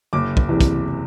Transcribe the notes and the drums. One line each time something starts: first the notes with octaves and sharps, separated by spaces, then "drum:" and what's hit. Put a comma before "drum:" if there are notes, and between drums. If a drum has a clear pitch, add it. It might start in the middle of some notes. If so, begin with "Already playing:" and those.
F#1 D6
drum: kick
E2 C3 E3
drum: kick, hi-hat